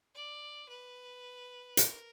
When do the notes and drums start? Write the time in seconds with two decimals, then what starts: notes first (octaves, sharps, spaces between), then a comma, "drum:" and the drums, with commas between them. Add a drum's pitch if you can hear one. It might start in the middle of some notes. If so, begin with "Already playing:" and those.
0.14 D5
0.69 B4
1.77 A#4, drum: hi-hat